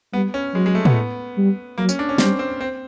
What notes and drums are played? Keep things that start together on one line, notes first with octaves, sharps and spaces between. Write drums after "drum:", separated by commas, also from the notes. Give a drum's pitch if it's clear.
G3 B3
C#4
F#3 G#3
G#3
A3
B3, drum: tom
G3
F#3 A#3
C#4, drum: tambourine
D4
C#4
G3 C4, drum: snare
C4
C4